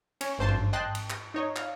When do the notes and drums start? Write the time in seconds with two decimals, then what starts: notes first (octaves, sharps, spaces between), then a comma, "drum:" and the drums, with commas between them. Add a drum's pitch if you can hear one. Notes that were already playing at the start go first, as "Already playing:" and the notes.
0.21 C#4 C#5, drum: cymbal
0.38 G#1 G2 C5 A5 C6
0.49 drum: tom G#2
0.73 D#5 G5 A5 C6 F#6
0.95 drum: cymbal
1.10 drum: clap
1.34 D#4 C#5 D#5
1.56 F5, drum: clap